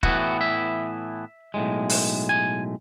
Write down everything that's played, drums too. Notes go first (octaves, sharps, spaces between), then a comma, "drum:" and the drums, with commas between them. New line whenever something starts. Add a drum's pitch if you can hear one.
A2 E3 B3 E4 F#4, drum: kick
E5
B1 A2 G#3
drum: open hi-hat
G#5